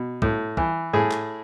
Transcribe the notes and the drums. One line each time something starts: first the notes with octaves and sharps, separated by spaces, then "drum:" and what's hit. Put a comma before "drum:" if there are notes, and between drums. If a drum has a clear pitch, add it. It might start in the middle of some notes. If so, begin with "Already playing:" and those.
Already playing: B2
A2, drum: kick
E3, drum: kick
A2 G#4
drum: clap